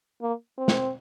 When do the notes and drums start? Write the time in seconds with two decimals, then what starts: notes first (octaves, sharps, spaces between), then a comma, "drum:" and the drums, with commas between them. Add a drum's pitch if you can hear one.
0.22 A#3
0.58 C4
0.68 drum: snare